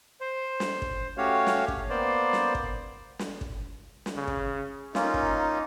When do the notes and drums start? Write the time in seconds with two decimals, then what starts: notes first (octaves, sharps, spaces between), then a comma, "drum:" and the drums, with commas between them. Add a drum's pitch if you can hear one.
0.21 C5
0.60 drum: snare
0.82 drum: kick
1.17 A3 C#4 F#4 G4 C#5 F5
1.47 drum: snare
1.68 drum: kick
1.90 A#3 B3 C5 D5
2.33 drum: snare
2.55 drum: kick
3.19 drum: snare
3.41 drum: kick
4.06 drum: snare
4.16 C#3
4.27 drum: kick
4.95 A#3 C#4 D#4 F4, drum: snare
5.14 drum: kick